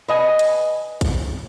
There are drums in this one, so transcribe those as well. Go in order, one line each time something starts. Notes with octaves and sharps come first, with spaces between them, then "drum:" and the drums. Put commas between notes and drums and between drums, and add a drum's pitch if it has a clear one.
B4 D#5 G#5
drum: hi-hat
drum: kick, hi-hat